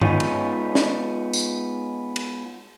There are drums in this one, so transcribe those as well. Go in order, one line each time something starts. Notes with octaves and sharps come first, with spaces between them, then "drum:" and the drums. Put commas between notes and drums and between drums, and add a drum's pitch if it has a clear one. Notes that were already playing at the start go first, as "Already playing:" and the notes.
G#3 B3 C#4 D#4 F4, drum: tom G2
drum: cymbal
drum: snare
drum: tambourine
drum: cymbal